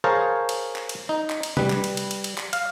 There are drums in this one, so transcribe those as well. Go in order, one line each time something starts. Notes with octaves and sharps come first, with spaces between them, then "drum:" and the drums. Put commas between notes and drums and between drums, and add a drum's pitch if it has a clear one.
G#4 A#4 C5 C#5 F5 A5
drum: cymbal
drum: clap
drum: cymbal
D#4
drum: clap
drum: cymbal
G3 B4, drum: tom C3
drum: clap
drum: cymbal
drum: cymbal
drum: cymbal
drum: cymbal
drum: clap
F5, drum: cymbal